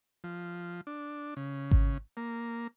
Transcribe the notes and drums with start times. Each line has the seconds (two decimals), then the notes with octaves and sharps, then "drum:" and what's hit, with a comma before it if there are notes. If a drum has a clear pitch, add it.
0.24 F3
0.87 D4
1.37 C#3
1.71 drum: kick G#1
2.17 A#3